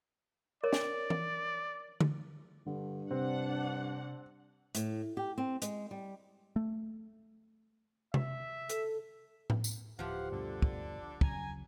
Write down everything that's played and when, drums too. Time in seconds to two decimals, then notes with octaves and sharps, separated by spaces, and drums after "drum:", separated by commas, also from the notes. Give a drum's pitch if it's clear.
0.64 A#4 C#5 D5
0.73 drum: snare
1.10 drum: tom E3
2.00 drum: tom D3
2.66 G2 D3
3.11 C3 C4 D4 F#5
4.75 A2, drum: hi-hat
5.17 G4
5.38 C4
5.62 G#3, drum: hi-hat
5.91 G3
6.56 A3
8.14 E5, drum: tom C3
8.69 A4, drum: hi-hat
9.50 drum: tom A2
9.64 drum: tambourine
9.99 D1 E3 F3 G4 F5 F#5
10.31 D2 G2 B2 D3 D4
10.62 drum: kick
11.21 C#3 F#3 G#5 A#5, drum: kick